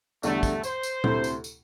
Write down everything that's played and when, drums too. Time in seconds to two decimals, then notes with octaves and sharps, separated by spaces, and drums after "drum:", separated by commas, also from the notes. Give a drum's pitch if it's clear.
0.23 E2 D3 G3 A3 D4, drum: tambourine
0.43 drum: kick, tambourine
0.64 C5, drum: tambourine
0.83 drum: tambourine
1.04 D2 C3 A3 E4, drum: tom A#2
1.24 drum: tambourine
1.44 drum: tambourine